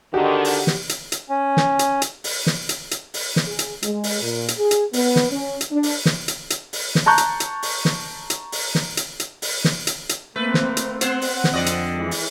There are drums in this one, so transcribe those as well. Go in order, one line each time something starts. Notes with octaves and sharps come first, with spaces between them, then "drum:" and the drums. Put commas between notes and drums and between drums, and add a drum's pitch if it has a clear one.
D3 D#3 F#4 G4
drum: open hi-hat
drum: snare
drum: hi-hat
drum: hi-hat
C#4
drum: snare
drum: hi-hat
drum: hi-hat
drum: open hi-hat
drum: snare
drum: hi-hat
drum: hi-hat
drum: open hi-hat
drum: snare
G#4
drum: hi-hat
G#3, drum: hi-hat
drum: open hi-hat
A#2
drum: hi-hat
G#4
drum: hi-hat
B3, drum: open hi-hat
drum: snare
C#4
drum: hi-hat
D4
drum: open hi-hat
drum: snare
drum: hi-hat
drum: hi-hat
drum: open hi-hat
drum: snare
A5 A#5 C#6 F#6 G6
drum: hi-hat
drum: hi-hat
drum: open hi-hat
drum: snare
drum: hi-hat
drum: open hi-hat
drum: snare
drum: hi-hat
drum: hi-hat
drum: open hi-hat
drum: snare
drum: hi-hat
drum: hi-hat
A3 A#3 C4 B4
drum: snare
drum: hi-hat
B3 C4 C5 F#5, drum: hi-hat
drum: open hi-hat
drum: snare
F2 D3 D5 D#5
drum: hi-hat
E3 G#3
drum: open hi-hat